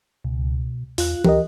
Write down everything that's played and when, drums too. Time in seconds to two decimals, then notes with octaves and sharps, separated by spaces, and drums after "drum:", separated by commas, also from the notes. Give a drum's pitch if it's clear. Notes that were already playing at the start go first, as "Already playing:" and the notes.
0.24 C#2 B2
0.98 E2 F4 F#6, drum: open hi-hat
1.25 C#2 G4 A#4 D#5, drum: tom E3